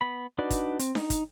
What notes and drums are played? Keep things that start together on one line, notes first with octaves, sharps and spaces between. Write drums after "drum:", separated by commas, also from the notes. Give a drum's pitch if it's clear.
B3 B5
D4 D#4 F#4 B4 D5
drum: kick, hi-hat
C4, drum: hi-hat
D#4, drum: snare D4
drum: kick, hi-hat